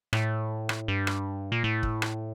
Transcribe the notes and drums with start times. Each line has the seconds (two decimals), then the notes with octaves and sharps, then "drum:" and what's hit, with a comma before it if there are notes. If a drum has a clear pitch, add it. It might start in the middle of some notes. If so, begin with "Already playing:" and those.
0.13 A2, drum: rim click
0.69 drum: rim click
0.88 G2
1.07 drum: rim click
1.52 A#2
1.64 A2
1.83 drum: kick
2.02 drum: rim click